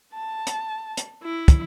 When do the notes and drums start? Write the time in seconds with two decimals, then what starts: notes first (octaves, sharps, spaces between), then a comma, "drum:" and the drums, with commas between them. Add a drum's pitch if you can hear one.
0.14 A5
0.47 drum: hi-hat
0.97 drum: hi-hat
1.23 E4
1.48 drum: kick, hi-hat